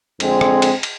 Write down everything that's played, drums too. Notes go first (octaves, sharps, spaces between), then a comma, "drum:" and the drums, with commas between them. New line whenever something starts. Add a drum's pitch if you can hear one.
F2 D3 G#3 C4, drum: cymbal
drum: rim click
drum: cymbal
drum: cymbal